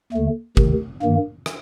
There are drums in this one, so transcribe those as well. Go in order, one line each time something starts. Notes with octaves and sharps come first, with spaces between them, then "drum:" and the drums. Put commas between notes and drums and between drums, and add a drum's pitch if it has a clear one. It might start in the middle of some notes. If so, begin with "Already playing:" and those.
D#2 D3 A3
D2 C3 D#3, drum: kick
G2 D#3 A#3
drum: rim click